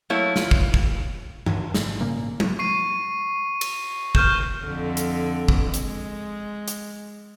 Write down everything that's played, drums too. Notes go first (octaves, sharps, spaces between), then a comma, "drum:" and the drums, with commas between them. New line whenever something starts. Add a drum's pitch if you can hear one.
F#3 A3 A#3 E4 C#5
F4, drum: snare
drum: kick
drum: kick
F#2 D3 D#3 F#3, drum: tom G2
G#1, drum: snare
G#1 A#2 C#3 A#3
drum: tom F#3
C#6 C7 D#7
drum: cymbal
C#6 F6 G6 E7, drum: kick
F2 D3
drum: hi-hat
drum: kick
G#3, drum: hi-hat
drum: hi-hat